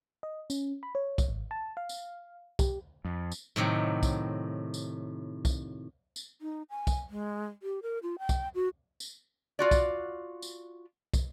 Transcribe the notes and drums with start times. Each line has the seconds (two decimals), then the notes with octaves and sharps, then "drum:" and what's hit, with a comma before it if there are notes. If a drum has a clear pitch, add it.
0.23 D#5
0.50 C#4, drum: tambourine
0.83 B5
0.95 C#5
1.18 drum: kick, tambourine
1.28 G#1
1.51 A5
1.77 F5
1.89 drum: tambourine
2.59 G4, drum: kick, tambourine
3.05 F2
3.32 drum: tambourine
3.56 A2 C3 D#3 F#3
4.03 drum: kick, tambourine
4.74 drum: tambourine
5.45 drum: kick, tambourine
6.16 drum: tambourine
6.41 D#4
6.70 G#5
6.87 drum: kick, tambourine
7.10 G#3
7.63 G4
7.83 A#4
8.03 F4
8.19 G5
8.29 drum: kick, tambourine
8.55 F#4
9.00 drum: tambourine
9.59 F4 F#4 D5
9.71 drum: kick, tambourine
10.42 drum: tambourine
11.14 drum: kick, tambourine